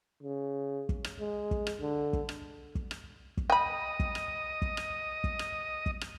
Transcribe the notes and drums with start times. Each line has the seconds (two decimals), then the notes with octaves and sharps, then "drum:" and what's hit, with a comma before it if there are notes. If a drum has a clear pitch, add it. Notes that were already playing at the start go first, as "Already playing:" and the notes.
0.23 C#3
0.89 drum: kick
1.04 drum: rim click
1.20 G#3
1.51 drum: kick
1.67 drum: rim click
1.81 D3
2.13 drum: kick
2.29 drum: rim click
2.75 drum: kick
2.91 drum: rim click
3.37 drum: kick
3.50 D#5 G5 B5
4.00 drum: kick
4.15 drum: rim click
4.62 drum: kick
4.77 drum: rim click
5.24 drum: kick
5.39 drum: rim click
5.86 drum: kick
6.01 drum: rim click